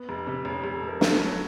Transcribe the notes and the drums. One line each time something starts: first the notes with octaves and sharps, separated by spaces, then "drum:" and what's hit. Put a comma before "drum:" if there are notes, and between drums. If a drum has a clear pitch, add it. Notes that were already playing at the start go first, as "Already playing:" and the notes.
Already playing: B3
F1
C3
F1 C#4
F1
A4
F1 A#4
B3 A4, drum: snare
F#3